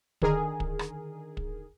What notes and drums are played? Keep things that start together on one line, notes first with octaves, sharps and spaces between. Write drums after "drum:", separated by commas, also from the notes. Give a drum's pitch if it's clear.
D3 D#3 G#4 A#4, drum: kick
drum: kick
drum: rim click
drum: kick